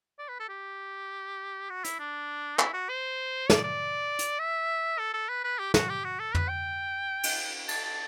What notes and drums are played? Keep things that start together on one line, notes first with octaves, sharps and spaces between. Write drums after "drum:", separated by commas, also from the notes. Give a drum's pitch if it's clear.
D5
B4
A4
G4
F#4
E4, drum: hi-hat
D4
E4, drum: clap
F#4
C5
D5, drum: snare
D5
drum: hi-hat
E5
A4
A4
B4
B4
G4
F#4, drum: snare
G4
F#4
A4
B4, drum: tom F2
G5
drum: cymbal
A5, drum: cymbal
A5